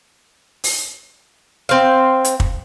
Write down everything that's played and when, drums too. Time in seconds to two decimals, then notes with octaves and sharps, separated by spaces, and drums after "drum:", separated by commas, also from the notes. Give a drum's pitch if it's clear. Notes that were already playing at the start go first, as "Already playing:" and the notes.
0.64 drum: open hi-hat
1.69 C4 F5
2.25 drum: hi-hat
2.40 drum: kick